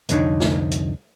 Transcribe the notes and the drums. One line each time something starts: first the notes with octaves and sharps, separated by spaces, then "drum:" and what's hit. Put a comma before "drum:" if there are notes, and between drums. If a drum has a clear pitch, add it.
C2 F2 D3 D4 D#4 C#5, drum: hi-hat
drum: snare
drum: hi-hat